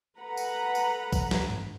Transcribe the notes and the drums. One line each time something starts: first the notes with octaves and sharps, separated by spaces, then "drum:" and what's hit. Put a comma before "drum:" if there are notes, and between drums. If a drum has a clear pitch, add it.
A4 B4 F#5 A#5 B5
drum: tambourine
drum: tambourine
drum: kick B1, tambourine
drum: snare
drum: tom G2